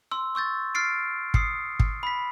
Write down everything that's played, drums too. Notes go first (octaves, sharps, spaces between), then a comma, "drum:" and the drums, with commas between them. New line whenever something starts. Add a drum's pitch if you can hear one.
C6 E6
C#6 E6 G6 A6
F6 A6 C7 D7
D#6 C7 C#7, drum: kick
drum: kick
B5 B6